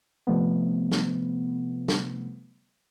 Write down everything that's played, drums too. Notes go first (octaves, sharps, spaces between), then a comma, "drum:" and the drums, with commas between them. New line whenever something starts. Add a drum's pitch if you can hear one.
C3 F3 A3 B3
drum: snare
drum: snare